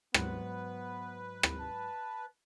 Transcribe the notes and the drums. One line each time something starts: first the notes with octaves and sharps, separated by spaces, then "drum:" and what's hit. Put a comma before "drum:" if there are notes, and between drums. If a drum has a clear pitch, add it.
G#2 F#3 B3 B4, drum: rim click
drum: rim click
A5